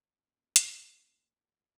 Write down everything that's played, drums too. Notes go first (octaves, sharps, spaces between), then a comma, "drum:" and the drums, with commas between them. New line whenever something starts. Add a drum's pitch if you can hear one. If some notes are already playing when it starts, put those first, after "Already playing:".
A#2 C#4
drum: hi-hat